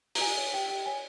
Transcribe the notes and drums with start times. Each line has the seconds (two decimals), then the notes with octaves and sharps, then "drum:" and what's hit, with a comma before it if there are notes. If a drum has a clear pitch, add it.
0.15 A#5, drum: open hi-hat
0.21 G4 G#5
0.37 C#5
0.53 G4 G5
0.70 G4 G5
0.86 C#5 G#5